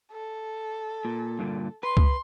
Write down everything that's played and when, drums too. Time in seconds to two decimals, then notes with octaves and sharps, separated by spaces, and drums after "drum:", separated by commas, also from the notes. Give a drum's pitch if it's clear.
0.12 A4
1.05 A#2
1.39 G2 A#2 D3
1.83 B4 C6
1.97 drum: kick C#2